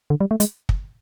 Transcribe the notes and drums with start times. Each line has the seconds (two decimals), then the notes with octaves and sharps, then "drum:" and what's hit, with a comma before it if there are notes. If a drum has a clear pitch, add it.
0.10 D3
0.20 G3
0.31 A3
0.40 G#3, drum: hi-hat
0.69 drum: kick